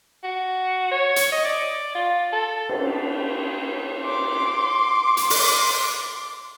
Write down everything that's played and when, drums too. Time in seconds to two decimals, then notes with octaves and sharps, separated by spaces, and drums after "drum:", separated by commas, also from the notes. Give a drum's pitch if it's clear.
0.24 F#4
0.91 C#5
1.16 drum: hi-hat
1.32 D#5
1.45 D5
1.95 F4
2.33 A4
2.69 drum: cymbal
4.04 C6 D6
5.17 drum: hi-hat
5.30 drum: open hi-hat